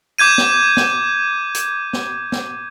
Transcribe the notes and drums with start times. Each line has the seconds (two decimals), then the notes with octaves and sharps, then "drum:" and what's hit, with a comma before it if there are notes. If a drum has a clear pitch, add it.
0.18 D6 G6 G#6 D#7
0.38 drum: snare
0.77 drum: snare
1.54 drum: hi-hat
1.93 drum: snare
2.32 drum: snare